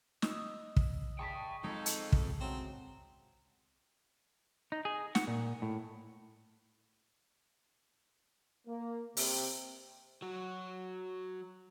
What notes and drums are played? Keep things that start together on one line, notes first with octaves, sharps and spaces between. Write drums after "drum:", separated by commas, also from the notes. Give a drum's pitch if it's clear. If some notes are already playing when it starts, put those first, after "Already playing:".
D#5 E6, drum: snare
drum: kick
G#4 G5 A5 C#6 B6
F2 G#3 D#4 A4
drum: hi-hat
drum: kick
F#3 A3 C4 C#4
D#4
G#4
F#5, drum: snare
A#2
A2
A#3
C3, drum: open hi-hat
F#3 F#4